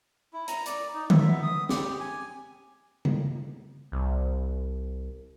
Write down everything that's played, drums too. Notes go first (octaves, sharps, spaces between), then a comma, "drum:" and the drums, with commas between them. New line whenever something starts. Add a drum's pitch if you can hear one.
E4
A#5, drum: hi-hat
D5, drum: hi-hat
D#4
E5, drum: tom D3
B3
D#6
G4, drum: snare
G#5
drum: tom C#3
C2